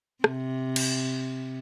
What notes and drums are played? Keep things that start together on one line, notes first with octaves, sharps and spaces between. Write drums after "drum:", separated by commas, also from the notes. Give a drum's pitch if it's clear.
C3, drum: rim click
drum: cymbal